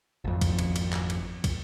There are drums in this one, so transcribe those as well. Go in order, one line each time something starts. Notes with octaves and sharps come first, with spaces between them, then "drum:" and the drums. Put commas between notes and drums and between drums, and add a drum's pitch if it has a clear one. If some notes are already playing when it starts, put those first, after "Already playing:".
G#1 F2
drum: kick, cymbal
drum: cymbal
drum: cymbal
drum: clap
drum: cymbal
drum: kick, cymbal